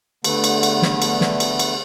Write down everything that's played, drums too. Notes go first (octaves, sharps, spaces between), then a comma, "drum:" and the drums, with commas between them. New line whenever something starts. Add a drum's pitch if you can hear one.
D3 A3 B3, drum: cymbal
drum: cymbal
drum: cymbal
drum: snare
drum: cymbal
drum: snare
drum: cymbal
drum: cymbal